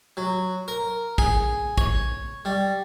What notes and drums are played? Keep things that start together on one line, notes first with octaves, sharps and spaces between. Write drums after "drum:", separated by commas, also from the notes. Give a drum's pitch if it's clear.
F#3
A#4
G#4, drum: kick
C#5, drum: kick
G3